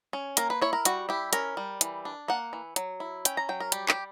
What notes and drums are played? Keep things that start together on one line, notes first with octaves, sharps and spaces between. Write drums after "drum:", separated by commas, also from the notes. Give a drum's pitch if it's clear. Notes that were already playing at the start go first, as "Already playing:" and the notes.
C#4
A#3 A#4, drum: hi-hat
B4
E4 C#5
A#4
G3 F#4, drum: hi-hat
E4 G4
C#4 A#4, drum: hi-hat
G3
E3, drum: hi-hat
D4
A#3 F#5
E3
F#3, drum: hi-hat
E4
C#4 G5, drum: hi-hat
A#5
F#3 G5
A#4
G3 G4, drum: hi-hat
G4, drum: clap